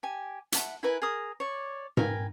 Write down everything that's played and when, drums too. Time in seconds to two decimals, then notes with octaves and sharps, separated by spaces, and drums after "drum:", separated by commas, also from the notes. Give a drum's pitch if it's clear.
0.03 G4 G#5
0.52 E5 F#5 A5 B5, drum: hi-hat
0.83 E4 A#4 B4 G#5
1.02 G#4 A#4 D#6
1.40 C#5 D5
1.97 A#4 B4 G5 G#5, drum: tom G#2